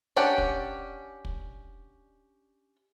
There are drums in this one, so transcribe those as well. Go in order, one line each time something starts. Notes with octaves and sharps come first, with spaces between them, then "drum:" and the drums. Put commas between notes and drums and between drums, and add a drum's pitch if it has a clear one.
C#4 D4 G4 D5 F#5
drum: kick
drum: kick